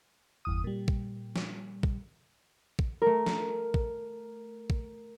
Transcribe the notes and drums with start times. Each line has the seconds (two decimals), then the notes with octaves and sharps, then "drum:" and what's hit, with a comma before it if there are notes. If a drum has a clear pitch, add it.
0.45 G1 E2 D#6
0.64 A#2 G3
0.88 drum: kick A#1
1.36 drum: snare
1.83 drum: kick A#1
2.79 drum: kick A#1
3.02 A3 A#4
3.26 drum: snare
3.74 drum: kick A#1
4.70 drum: kick A#1